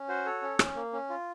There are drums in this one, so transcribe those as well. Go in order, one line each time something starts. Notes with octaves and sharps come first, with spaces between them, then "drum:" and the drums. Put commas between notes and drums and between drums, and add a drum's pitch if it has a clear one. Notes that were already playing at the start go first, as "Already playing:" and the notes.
Already playing: C#4
F#4 C5
A4 C#5
C#4
C#4, drum: rim click
A#3
C#4
F4